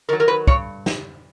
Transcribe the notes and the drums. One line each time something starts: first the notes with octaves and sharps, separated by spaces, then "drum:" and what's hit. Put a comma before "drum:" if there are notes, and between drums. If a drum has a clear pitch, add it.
D#3 F#3 A#4
A#4
B4
G2 C#5, drum: kick
drum: snare